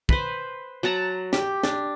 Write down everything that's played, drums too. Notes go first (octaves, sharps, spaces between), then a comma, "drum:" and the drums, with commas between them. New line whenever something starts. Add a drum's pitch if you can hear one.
B4 C5, drum: kick
F#3 F#5 A5 A#5
G4, drum: snare
D4, drum: snare